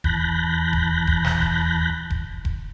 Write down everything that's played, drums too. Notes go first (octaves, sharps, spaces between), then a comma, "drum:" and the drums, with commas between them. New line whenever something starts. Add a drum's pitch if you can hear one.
E2 A5 B5 F#6 G6 A#6, drum: kick E1
drum: kick E1
drum: kick E1
drum: snare
drum: kick E1
drum: kick E1
drum: kick E1